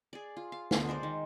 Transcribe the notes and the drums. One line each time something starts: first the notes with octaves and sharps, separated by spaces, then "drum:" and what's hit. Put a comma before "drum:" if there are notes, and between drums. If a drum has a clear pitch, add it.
G#4 D5
F4
F5
D3 B3 F4, drum: snare
G#3 A#4 C5 D5
D#3